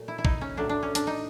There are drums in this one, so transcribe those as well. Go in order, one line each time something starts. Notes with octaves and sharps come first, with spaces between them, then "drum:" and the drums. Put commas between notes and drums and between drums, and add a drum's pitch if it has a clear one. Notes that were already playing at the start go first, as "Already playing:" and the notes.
Already playing: A#2 F#3 A3
E4
E4
D#4, drum: kick
C#4
A2 F#3 A3 D4
D4
C#4
D4, drum: hi-hat
D#4